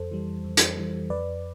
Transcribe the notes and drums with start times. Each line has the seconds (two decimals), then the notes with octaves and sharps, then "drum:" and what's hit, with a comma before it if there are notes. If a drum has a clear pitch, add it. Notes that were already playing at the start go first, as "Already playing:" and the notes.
Already playing: F2 A4 C5
0.11 E3 G3
0.44 F2
0.57 drum: hi-hat
0.77 E3 G3
1.10 F2 B4 D5